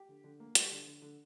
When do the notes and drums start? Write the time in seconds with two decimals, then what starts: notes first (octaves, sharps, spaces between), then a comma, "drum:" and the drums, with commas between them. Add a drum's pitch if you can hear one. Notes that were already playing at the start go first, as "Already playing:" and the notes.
Already playing: G4
0.09 D3
0.24 D3
0.40 A#3
0.55 G3, drum: hi-hat
0.71 D3
0.87 D3
1.02 D3